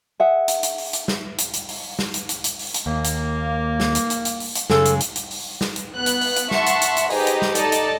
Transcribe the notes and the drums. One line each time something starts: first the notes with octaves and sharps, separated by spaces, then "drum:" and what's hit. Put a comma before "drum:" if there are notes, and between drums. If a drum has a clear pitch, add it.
G#4 E5 F#5
drum: hi-hat
drum: hi-hat
drum: open hi-hat
drum: hi-hat
drum: snare
drum: hi-hat
drum: hi-hat
drum: open hi-hat
drum: snare
drum: hi-hat
drum: hi-hat
drum: hi-hat
drum: open hi-hat
drum: hi-hat
D#2 A#3
drum: hi-hat
drum: snare
drum: hi-hat
drum: hi-hat
drum: hi-hat
drum: open hi-hat
drum: hi-hat
F#2 C#3 G#3 A4, drum: snare
drum: hi-hat
drum: hi-hat
drum: hi-hat
drum: open hi-hat
drum: snare
drum: hi-hat
B3 F#6
drum: hi-hat
drum: open hi-hat
drum: hi-hat
E5 F#5 A5 C6 C#6, drum: snare
drum: hi-hat
drum: hi-hat
drum: hi-hat
D#4 G4 G#4 B4 C5 D#5, drum: open hi-hat
drum: hi-hat
drum: snare
D#4 A4 D5 D#5 A5, drum: hi-hat
drum: hi-hat